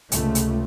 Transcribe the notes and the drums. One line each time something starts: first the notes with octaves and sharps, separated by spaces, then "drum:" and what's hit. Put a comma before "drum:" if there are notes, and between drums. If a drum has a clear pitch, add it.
C#2 C3 A3, drum: hi-hat
drum: hi-hat